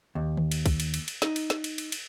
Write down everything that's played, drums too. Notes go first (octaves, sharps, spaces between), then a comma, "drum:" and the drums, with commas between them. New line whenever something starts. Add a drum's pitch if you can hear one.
D#2
drum: tom D#3
drum: cymbal
drum: kick, cymbal
drum: cymbal
drum: cymbal
drum: cymbal
D#4, drum: snare
drum: cymbal
drum: snare
drum: cymbal
drum: cymbal
drum: cymbal